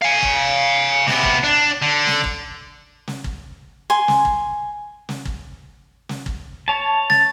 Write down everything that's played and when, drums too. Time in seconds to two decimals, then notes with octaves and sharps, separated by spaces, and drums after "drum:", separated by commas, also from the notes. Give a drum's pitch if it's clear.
0.02 F5 G#5
0.23 drum: kick
1.07 C3 B3, drum: snare
1.23 drum: kick
1.43 D4
1.82 D3
2.07 drum: snare
2.24 drum: kick
3.08 drum: snare
3.24 drum: kick
3.90 G#5 C6
4.08 drum: snare
4.25 drum: kick
5.09 drum: snare
5.25 drum: kick
6.09 drum: snare
6.26 drum: kick
6.68 C#5 A5
7.10 A6, drum: snare